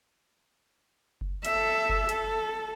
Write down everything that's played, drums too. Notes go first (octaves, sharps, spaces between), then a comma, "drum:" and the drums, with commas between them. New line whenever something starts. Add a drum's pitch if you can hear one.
drum: kick F#1
A4 E5, drum: hi-hat
drum: kick F#1
A4, drum: hi-hat